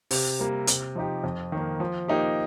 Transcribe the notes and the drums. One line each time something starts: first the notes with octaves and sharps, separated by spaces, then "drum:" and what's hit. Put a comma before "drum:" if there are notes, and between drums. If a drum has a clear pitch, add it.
C3, drum: open hi-hat
G3 A#3
C3, drum: hi-hat
F3 D#4 G4
F2
D#3 A#3
F3
A#3 D#4 G4